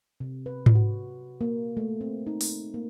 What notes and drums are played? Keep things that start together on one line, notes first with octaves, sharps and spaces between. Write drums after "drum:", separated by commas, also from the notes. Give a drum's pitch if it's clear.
C3
B4
drum: tom G#2
F#4
A#3
A3
C4
D#4
drum: open hi-hat
A#3